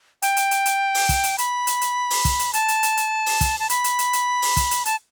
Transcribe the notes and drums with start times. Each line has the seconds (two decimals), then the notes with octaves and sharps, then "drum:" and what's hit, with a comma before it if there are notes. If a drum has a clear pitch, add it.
0.22 G5, drum: hi-hat
0.37 drum: hi-hat
0.51 drum: hi-hat
0.66 drum: hi-hat
0.95 drum: open hi-hat
1.09 drum: kick, hi-hat
1.23 drum: hi-hat
1.38 B5, drum: hi-hat
1.67 drum: hi-hat
1.81 drum: hi-hat
2.10 drum: open hi-hat
2.25 drum: kick, hi-hat
2.39 drum: hi-hat
2.53 A5, drum: hi-hat
2.68 drum: hi-hat
2.83 drum: hi-hat
2.97 drum: hi-hat
3.26 drum: open hi-hat
3.41 drum: kick, hi-hat
3.60 A5
3.70 B5, drum: hi-hat
3.84 drum: hi-hat
3.99 drum: hi-hat
4.13 drum: hi-hat
4.42 drum: open hi-hat
4.57 drum: kick, hi-hat
4.71 drum: hi-hat
4.85 A5, drum: hi-hat